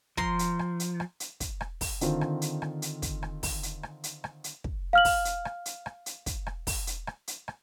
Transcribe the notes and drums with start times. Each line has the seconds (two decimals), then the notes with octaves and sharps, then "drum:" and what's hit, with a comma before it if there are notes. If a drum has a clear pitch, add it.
0.17 F3 A#5 C6, drum: kick
0.39 drum: hi-hat
0.59 drum: rim click
0.80 drum: hi-hat
1.00 drum: rim click
1.20 drum: hi-hat
1.40 drum: kick, hi-hat
1.61 drum: rim click
1.81 drum: kick, open hi-hat
2.01 D3 D#3 C4 F4, drum: hi-hat
2.21 drum: rim click
2.42 drum: hi-hat
2.62 drum: rim click
2.82 drum: hi-hat
3.02 drum: kick, hi-hat
3.23 drum: rim click
3.43 drum: kick, open hi-hat
3.63 drum: hi-hat
3.83 drum: rim click
4.04 drum: hi-hat
4.24 drum: rim click
4.44 drum: hi-hat
4.64 drum: kick
4.93 F5 F6 F#7
5.05 drum: kick, open hi-hat
5.25 drum: hi-hat
5.45 drum: rim click
5.66 drum: hi-hat
5.86 drum: rim click
6.06 drum: hi-hat
6.26 drum: kick, hi-hat
6.47 drum: rim click
6.67 drum: kick, open hi-hat
6.87 drum: hi-hat
7.07 drum: rim click
7.28 drum: hi-hat
7.48 drum: rim click